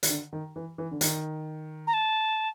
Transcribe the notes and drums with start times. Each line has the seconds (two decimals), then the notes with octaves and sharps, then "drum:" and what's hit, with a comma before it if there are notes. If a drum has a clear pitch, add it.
0.03 D#3, drum: hi-hat
0.09 D3
0.33 D#3
0.56 E3
0.78 E3
0.91 D3
1.01 D#3, drum: hi-hat
1.87 A#5
1.93 A5